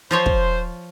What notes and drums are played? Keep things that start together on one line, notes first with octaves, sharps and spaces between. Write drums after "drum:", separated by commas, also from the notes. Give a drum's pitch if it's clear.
F3 F4 C5 C#5
drum: kick